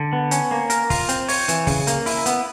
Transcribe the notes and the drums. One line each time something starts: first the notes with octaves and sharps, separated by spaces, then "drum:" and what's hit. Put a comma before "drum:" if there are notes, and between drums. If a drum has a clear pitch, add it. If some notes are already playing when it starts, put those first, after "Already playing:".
Already playing: D3
B3
C#4, drum: hi-hat
A#3
A#4, drum: hi-hat
F4, drum: kick, open hi-hat
C4, drum: hi-hat
C#5, drum: open hi-hat
E3, drum: hi-hat
C#3, drum: kick, open hi-hat
A#3, drum: hi-hat
E4, drum: open hi-hat
B3, drum: hi-hat